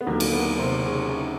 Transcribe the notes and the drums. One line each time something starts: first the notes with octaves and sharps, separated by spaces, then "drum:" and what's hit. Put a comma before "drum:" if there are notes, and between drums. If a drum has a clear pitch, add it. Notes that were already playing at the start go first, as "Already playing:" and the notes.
B3
D#2 D3 F#3 A#3
drum: cymbal
B3
C3 C4
C#3 C#4